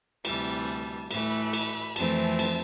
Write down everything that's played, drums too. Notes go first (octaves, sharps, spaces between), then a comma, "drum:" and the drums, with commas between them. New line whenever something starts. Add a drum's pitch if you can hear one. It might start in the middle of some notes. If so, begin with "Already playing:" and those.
D2 C3 E3 G3 A5, drum: cymbal
A2 E3 A3 B5, drum: cymbal
drum: cymbal
F2 E3 A3 C4 A5, drum: cymbal
drum: cymbal